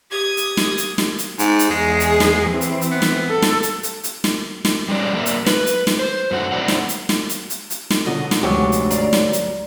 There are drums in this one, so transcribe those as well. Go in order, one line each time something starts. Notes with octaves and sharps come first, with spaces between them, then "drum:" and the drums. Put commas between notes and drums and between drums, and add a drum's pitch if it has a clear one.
G4 D#6 G#6
drum: hi-hat
drum: snare
drum: hi-hat
drum: snare
drum: hi-hat
G#2, drum: hi-hat
drum: hi-hat
E2 G#3 G#4
drum: hi-hat
drum: snare
E3 C4
drum: hi-hat
drum: hi-hat
B3
drum: snare
A4
drum: snare
drum: hi-hat
drum: hi-hat
drum: hi-hat
drum: snare
drum: snare
G3 G#3 C#4 D5
F#3 A#3 A#4 D5 E5
drum: hi-hat
B4, drum: snare
drum: hi-hat
drum: snare
C5
F#2 A3 F#4
F#3 A3 C4 E4 D5 F#5
drum: snare
drum: hi-hat
drum: snare
drum: hi-hat
drum: hi-hat
drum: hi-hat
drum: snare
B2 D3 F#3 D#5
drum: snare
F1 D2 G#2 F#3 G#3 G4 G#5
drum: hi-hat
D5 F5 A#5, drum: hi-hat
drum: snare
drum: hi-hat